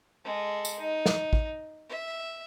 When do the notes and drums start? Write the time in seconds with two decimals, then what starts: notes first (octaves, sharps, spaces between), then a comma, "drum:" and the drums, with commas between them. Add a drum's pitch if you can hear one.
0.24 G#3 A4
0.65 drum: tambourine
0.80 D#4
1.06 drum: snare
1.33 drum: kick A1
1.89 E5